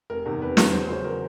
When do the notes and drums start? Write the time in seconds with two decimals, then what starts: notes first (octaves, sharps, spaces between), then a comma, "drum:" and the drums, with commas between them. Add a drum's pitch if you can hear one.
0.10 F1 A#4
0.26 E2 C3 D#3
0.41 F1 B4
0.57 E2 C3 D#3, drum: snare
0.72 E1 C5
0.89 E2 C#3 F#3 C5
1.04 A#4